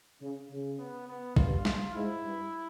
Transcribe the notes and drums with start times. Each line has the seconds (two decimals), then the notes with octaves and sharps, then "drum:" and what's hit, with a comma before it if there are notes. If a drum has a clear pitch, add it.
0.21 C#3
0.50 C#3
0.79 B3
1.08 B3
1.36 G2 F4, drum: kick
1.65 F4, drum: snare
1.94 G#2 E4
2.23 G2